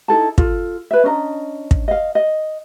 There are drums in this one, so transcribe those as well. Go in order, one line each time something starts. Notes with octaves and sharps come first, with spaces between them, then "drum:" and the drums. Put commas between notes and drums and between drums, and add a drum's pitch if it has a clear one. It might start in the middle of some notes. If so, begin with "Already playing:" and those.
D#4 E4 A4 A5
F4 A4, drum: kick
B4 E5
C#4 D4 D#5 A#5
drum: kick
D#5 F5
D#5